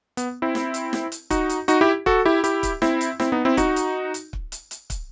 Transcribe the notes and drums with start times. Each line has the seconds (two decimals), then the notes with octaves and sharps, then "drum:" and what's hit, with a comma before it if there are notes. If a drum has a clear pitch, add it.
0.17 B3, drum: hi-hat
0.42 C4 E4
0.55 drum: snare
0.74 drum: hi-hat
0.93 drum: snare
1.12 drum: hi-hat
1.30 D#4 F#4, drum: kick, hi-hat
1.49 drum: hi-hat
1.68 D#4 F#4, drum: hi-hat
1.81 E4 G4
2.06 F#4 A4, drum: kick
2.25 E4 G4
2.44 E4 G4, drum: hi-hat
2.63 drum: kick, hi-hat
2.82 C4 E4, drum: snare
3.01 drum: hi-hat
3.20 C4 E4, drum: snare
3.32 B3 D#4
3.45 C4 E4
3.57 D#4 F#4, drum: kick, hi-hat
3.76 drum: hi-hat
4.14 drum: hi-hat
4.33 drum: kick
4.52 drum: hi-hat
4.71 drum: hi-hat
4.90 drum: kick, hi-hat